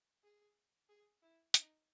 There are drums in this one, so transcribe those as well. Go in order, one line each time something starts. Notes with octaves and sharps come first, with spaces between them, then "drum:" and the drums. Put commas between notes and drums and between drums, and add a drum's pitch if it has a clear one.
G#4
G#4
E4
D#4, drum: hi-hat